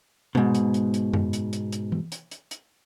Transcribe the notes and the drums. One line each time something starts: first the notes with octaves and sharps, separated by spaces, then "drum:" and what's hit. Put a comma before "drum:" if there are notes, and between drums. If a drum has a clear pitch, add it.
G#2 B2, drum: tom B2
drum: hi-hat
drum: hi-hat
drum: hi-hat
drum: tom F#2
drum: hi-hat
drum: hi-hat
drum: hi-hat
drum: tom E3
drum: hi-hat
drum: hi-hat
drum: hi-hat